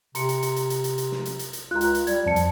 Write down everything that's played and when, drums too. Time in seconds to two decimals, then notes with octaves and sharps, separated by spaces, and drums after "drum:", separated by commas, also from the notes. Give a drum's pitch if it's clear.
0.15 C3 A#5 C6 C#7, drum: hi-hat
0.29 drum: hi-hat
0.42 drum: hi-hat
0.56 drum: hi-hat
0.70 drum: hi-hat
0.84 drum: hi-hat
0.98 drum: hi-hat
1.12 drum: snare
1.25 drum: hi-hat
1.39 drum: hi-hat
1.53 drum: hi-hat
1.71 C#2 F4 A#5 F#6
1.81 drum: hi-hat
1.95 drum: hi-hat
2.07 G3 D5 G#6, drum: hi-hat
2.26 F2 F3 D5 A5 C#7
2.36 drum: hi-hat